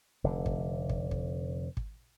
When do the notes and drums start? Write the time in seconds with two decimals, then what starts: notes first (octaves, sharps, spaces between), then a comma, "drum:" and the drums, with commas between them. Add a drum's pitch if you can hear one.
0.24 F1 D3
0.46 drum: kick
0.89 drum: kick
1.11 drum: kick
1.77 drum: kick